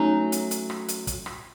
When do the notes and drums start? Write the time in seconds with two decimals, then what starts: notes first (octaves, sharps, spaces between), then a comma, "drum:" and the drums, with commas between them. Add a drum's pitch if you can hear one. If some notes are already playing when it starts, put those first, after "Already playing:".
Already playing: F#3 A3 C#4 D#4
0.32 drum: hi-hat
0.51 drum: hi-hat
0.70 drum: rim click
0.88 drum: hi-hat
1.07 drum: kick, hi-hat
1.26 drum: rim click